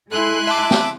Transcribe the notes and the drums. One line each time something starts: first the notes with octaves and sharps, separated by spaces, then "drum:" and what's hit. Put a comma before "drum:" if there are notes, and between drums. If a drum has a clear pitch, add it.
G#3 E4 A4 G#5 C6 F#6
E5 A5 D6
drum: snare